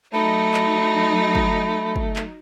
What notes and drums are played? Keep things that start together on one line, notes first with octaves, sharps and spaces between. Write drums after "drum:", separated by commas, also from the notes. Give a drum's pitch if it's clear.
F#3 A3 D#4 B5
drum: clap
drum: kick
drum: kick
drum: clap